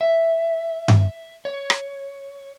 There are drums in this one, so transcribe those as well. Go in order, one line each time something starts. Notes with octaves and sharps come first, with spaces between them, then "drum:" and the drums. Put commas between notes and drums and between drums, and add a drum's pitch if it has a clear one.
E5
drum: tom G2
C#5
drum: rim click